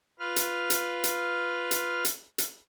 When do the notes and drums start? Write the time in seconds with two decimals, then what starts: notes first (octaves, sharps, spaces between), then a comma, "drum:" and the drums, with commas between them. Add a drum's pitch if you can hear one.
0.19 F4 B4 F6
0.36 drum: hi-hat
0.70 drum: hi-hat
1.04 drum: hi-hat
1.71 drum: hi-hat
2.05 drum: hi-hat
2.38 drum: hi-hat